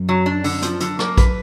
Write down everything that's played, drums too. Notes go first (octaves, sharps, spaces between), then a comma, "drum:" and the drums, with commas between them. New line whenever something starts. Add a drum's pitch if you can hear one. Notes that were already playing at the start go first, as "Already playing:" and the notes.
Already playing: F#2
F#3
D4
D3, drum: open hi-hat
F3, drum: hi-hat
D3, drum: hi-hat
A#3, drum: rim click
B4, drum: kick A#1, hi-hat